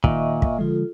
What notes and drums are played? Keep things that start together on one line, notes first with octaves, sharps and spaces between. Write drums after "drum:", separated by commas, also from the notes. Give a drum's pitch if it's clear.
A#2 D#3 D#5 E5 C#6, drum: kick
drum: kick
D3 F3 G#3 F4 A4